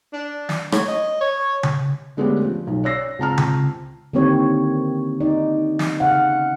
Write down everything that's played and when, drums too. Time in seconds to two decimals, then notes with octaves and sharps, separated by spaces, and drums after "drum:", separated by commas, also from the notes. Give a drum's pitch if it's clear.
0.13 D4
0.49 drum: snare
0.72 C#5, drum: rim click
0.88 D#5
1.21 C#5
1.63 drum: tom C#3
2.17 D3 G#3 A3 B3 C#4 G4
2.45 F3
2.67 B1
2.84 C#5 D5 E6 A#6 C7
3.19 C#2 C4 A5 A#5 F6
3.38 drum: tom C#3
4.13 D3 D#3 A#3 C4 G4 C#5
5.20 D#4 D5
5.79 drum: snare
6.00 C#3 F5 F#5